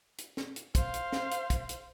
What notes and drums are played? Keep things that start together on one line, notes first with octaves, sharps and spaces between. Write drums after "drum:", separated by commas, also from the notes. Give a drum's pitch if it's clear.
drum: hi-hat
drum: snare
drum: hi-hat
C5 F5, drum: kick, hi-hat
drum: hi-hat
drum: snare
drum: hi-hat
drum: kick, hi-hat
drum: hi-hat